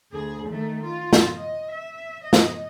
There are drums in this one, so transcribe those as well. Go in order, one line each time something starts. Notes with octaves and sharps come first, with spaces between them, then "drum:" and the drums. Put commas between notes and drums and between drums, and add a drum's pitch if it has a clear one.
D2 G#4
D#3 A3
F4
drum: snare
D#5
E5
D#5
drum: snare